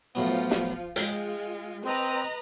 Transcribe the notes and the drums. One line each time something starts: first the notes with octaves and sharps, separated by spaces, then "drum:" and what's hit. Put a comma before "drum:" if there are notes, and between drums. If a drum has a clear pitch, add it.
A2 F3 F#3 B3 F4
drum: snare
G#3 F4 G5, drum: hi-hat
C4 B4 D#5 A#5